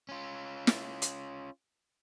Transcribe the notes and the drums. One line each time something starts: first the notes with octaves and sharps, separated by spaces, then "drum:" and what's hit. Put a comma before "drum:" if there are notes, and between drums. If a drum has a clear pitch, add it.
C#4 F4
drum: snare
drum: hi-hat